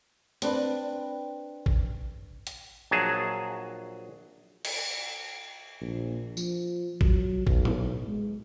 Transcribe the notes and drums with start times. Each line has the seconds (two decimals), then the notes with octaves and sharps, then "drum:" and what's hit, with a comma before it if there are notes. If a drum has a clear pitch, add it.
0.42 C4 D4 B4, drum: hi-hat
1.66 drum: kick
2.47 drum: hi-hat
2.91 A#1 F#3 G#4 A5
4.65 drum: cymbal
5.81 A#1
6.37 F3, drum: tambourine
7.01 F#3, drum: kick
7.47 B1, drum: kick
7.65 drum: tom A2
8.07 G#3